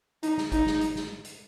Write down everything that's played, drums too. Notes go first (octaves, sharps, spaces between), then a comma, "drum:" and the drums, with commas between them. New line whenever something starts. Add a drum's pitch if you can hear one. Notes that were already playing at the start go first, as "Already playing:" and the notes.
D#4, drum: hi-hat
drum: snare
D#4, drum: kick G#1, hi-hat
drum: snare
drum: hi-hat
drum: snare
drum: hi-hat